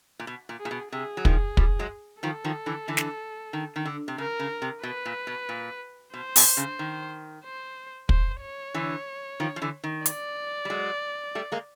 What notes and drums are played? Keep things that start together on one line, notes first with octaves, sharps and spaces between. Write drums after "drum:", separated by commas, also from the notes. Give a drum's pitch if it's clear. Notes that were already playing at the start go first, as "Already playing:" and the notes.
A#2
B2
A#2
G#4
A#2
B2
C3 G#4
F#3
D#3 F3, drum: kick
F3 G3, drum: kick
F#3 G#3
D#3 F3 A4
D#3 F3
D3 E3
D3 E3
drum: snare
D#3
D#3
D3
C3
C#3 A#4
C#3
C3
B2 B4
A#2
B2
A#2
B2 C5
C3, drum: open hi-hat
C#3
D#3
C5
C5, drum: kick
C#5
D3 E3
D#3 F3
F3
D3 E3
D#3
D5, drum: hi-hat
G3
F#3 G#3
G3 A3
G#3 A#3